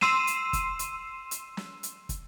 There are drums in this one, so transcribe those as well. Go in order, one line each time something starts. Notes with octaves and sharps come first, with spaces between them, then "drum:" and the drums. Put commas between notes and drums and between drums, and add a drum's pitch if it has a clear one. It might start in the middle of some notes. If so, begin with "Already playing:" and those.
C6 E6 C7 D#7 E7, drum: snare
drum: hi-hat
drum: kick, hi-hat
drum: hi-hat
drum: hi-hat
drum: snare
drum: hi-hat
drum: kick, hi-hat